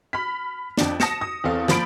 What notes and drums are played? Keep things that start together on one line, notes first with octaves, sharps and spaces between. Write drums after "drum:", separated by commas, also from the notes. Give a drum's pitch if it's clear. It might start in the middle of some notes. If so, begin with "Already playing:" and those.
B5 F6 B6
F2 D4, drum: snare
A5 D#6 A#6 C#7 E7, drum: snare
D#6
E2 C4 A4 F5
F3 A#3 B5 D7, drum: snare